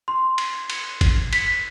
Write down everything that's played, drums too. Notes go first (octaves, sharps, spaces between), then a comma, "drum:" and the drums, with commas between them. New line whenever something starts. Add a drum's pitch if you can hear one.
C6
drum: cymbal
drum: cymbal
drum: kick G1, cymbal
B6, drum: cymbal